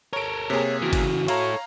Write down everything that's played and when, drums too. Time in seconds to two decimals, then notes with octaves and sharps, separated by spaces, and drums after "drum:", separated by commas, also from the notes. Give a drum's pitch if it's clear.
0.13 A4 A#4 C#5 D7
0.50 C3 A#3 G#4 C#5
0.82 C#3 E3 F#4
0.93 drum: kick, cymbal
1.28 E4 A4 C#5 F5 A#5, drum: cymbal